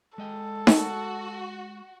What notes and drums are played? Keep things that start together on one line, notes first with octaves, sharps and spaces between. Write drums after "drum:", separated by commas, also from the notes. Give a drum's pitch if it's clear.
G#3 A4 D#5 G5
F#4, drum: snare D#4